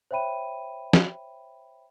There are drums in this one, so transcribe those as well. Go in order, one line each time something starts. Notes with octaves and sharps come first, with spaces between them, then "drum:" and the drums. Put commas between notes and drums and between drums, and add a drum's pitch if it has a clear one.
C5 C#5 E5 G5 B5 D#7
drum: snare